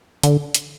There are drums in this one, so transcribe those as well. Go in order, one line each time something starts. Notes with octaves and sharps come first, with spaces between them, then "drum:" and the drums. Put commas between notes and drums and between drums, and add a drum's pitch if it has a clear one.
D3, drum: hi-hat
drum: hi-hat